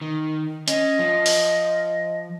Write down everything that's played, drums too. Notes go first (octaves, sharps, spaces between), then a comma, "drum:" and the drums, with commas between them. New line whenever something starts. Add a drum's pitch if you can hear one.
D#3
C#4 D#5, drum: hi-hat
F3
drum: open hi-hat